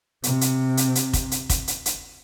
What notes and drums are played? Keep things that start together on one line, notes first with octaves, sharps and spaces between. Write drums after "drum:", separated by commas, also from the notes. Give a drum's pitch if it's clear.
C3, drum: hi-hat
drum: hi-hat
drum: hi-hat
drum: hi-hat
drum: kick, hi-hat
drum: hi-hat
drum: kick, hi-hat
drum: hi-hat
drum: hi-hat